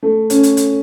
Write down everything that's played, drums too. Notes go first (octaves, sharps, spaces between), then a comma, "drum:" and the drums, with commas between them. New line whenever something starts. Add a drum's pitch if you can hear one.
A3
C#4, drum: hi-hat
drum: hi-hat
drum: hi-hat